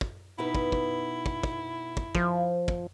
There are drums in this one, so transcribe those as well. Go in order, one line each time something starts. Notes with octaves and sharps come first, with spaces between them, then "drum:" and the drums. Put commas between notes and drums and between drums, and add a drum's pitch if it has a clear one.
drum: kick
B2 D#4 E4 B4
drum: kick
drum: kick
drum: kick
drum: kick
drum: kick
F3, drum: kick
drum: kick